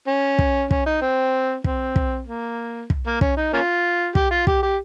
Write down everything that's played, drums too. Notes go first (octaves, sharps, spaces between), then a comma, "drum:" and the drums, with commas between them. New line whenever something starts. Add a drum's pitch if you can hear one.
C#4
drum: kick
C#4, drum: kick
D#4
C4
C4, drum: kick
drum: kick
A#3
drum: kick
A#3
C#4, drum: kick
D#4
A#3 C#4 F4
G4, drum: kick
F4
G4, drum: kick
G4